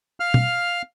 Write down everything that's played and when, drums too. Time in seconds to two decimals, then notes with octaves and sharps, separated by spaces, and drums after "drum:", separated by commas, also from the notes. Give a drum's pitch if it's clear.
0.20 F5 F6
0.34 drum: tom